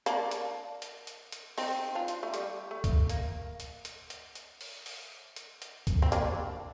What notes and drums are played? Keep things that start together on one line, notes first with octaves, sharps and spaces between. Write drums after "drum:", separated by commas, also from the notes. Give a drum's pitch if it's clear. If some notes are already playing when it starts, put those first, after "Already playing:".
A#3 D4, drum: hi-hat
drum: hi-hat
drum: hi-hat
drum: hi-hat
drum: hi-hat
C4 D#4, drum: open hi-hat
D4 F4
drum: hi-hat
A3
G3, drum: hi-hat
A3
drum: kick, hi-hat
A#3, drum: hi-hat
drum: hi-hat
drum: hi-hat
drum: hi-hat
drum: hi-hat
drum: open hi-hat
drum: open hi-hat
drum: hi-hat
drum: hi-hat
drum: kick, hi-hat
C4
A#3 D4, drum: hi-hat